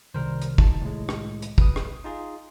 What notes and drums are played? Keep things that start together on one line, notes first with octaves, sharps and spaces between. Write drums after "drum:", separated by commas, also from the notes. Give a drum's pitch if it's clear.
C2 C3 D#3 G3 A#4 C5
drum: hi-hat
D#4 A5, drum: kick
A2 G#3
drum: rim click
drum: hi-hat
B4 D#6, drum: kick
drum: rim click
D#4 F4 G#4